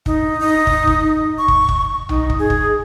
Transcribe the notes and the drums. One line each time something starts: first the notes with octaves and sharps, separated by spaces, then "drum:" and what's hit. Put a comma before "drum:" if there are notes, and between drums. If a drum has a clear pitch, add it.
D#4, drum: kick
D#4
drum: kick
drum: kick
C#6
drum: kick
drum: kick
D#4, drum: tom B1
drum: kick
G#4
drum: kick